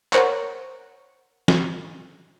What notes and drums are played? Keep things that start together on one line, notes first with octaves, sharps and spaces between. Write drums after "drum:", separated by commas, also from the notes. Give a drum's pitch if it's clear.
A#4 C5 C#5 F#5 A#5 C#6, drum: clap
drum: snare